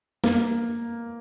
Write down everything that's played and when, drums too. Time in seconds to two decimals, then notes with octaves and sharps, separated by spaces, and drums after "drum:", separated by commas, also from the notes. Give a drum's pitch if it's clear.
0.24 A#3, drum: snare